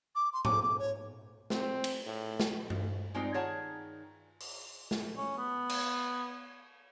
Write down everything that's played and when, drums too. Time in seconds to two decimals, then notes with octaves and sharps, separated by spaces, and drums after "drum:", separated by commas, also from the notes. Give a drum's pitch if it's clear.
0.15 D6
0.33 C6
0.45 D6, drum: tom G#2
0.63 D6
0.79 C#5
1.50 C4, drum: snare
1.84 drum: cymbal
2.06 A2
2.40 drum: snare
2.70 drum: tom G2
3.15 G#3 C4 D#4 F4 C5 D5
3.34 D#3 G#4 C#5 F#5 A5
4.40 drum: open hi-hat
4.91 drum: snare
5.17 C#4
5.38 B3
5.69 drum: cymbal